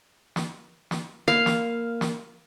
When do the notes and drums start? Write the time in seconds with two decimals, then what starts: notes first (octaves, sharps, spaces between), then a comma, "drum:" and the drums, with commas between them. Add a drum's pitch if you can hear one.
0.36 drum: snare
0.91 drum: snare
1.28 A#3 A#4 F5
1.46 drum: snare
2.01 drum: snare